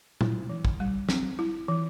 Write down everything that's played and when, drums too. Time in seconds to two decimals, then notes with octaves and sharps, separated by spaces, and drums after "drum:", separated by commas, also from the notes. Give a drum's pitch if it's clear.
0.21 E4, drum: tom
0.50 E3
0.65 drum: kick
0.80 G3
1.09 C4, drum: snare
1.39 E4
1.68 E3